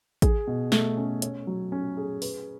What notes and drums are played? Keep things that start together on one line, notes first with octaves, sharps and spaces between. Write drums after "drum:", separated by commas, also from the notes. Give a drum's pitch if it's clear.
G#4, drum: kick A1, hi-hat
B2
A3, drum: snare
C#4
C#5, drum: hi-hat
F#3
C#4
G#4
B4, drum: open hi-hat